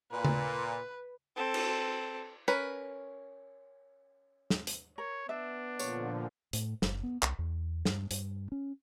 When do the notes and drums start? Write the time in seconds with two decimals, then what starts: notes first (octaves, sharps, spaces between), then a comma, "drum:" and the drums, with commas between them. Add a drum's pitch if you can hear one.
0.12 A#2 B4
0.25 drum: tom C#3
1.36 C4 A4
1.54 drum: cymbal
2.48 C#4 A#4 B4
4.50 drum: snare
4.67 drum: hi-hat
4.98 A#4 C#5
5.29 B3 D4 E5
5.79 A#2 D3 F3 C#5, drum: tambourine
6.53 A2, drum: hi-hat
6.82 F#1, drum: snare
7.03 B3
7.22 C2, drum: clap
7.39 E2
7.85 G2, drum: snare
8.11 G2, drum: hi-hat
8.52 C#4